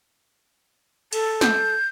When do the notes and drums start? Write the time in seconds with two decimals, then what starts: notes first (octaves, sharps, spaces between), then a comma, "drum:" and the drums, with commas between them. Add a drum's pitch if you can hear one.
1.13 A4, drum: cymbal
1.41 G6, drum: snare